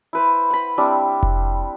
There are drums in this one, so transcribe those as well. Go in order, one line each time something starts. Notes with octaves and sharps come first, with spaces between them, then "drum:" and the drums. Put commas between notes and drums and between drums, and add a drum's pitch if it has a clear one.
E4 B4 C5
F#5 B5
G3 C4 D4 E4
drum: kick F1